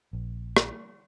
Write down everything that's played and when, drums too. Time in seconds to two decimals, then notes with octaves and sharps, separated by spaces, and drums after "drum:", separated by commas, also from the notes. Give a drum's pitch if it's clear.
0.13 A#1
0.57 drum: rim click